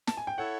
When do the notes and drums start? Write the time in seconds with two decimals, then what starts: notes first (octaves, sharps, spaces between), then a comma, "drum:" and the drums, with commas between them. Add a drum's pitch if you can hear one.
0.07 A5, drum: snare
0.17 G#5
0.27 G5
0.38 E4 A4 C#5 F#5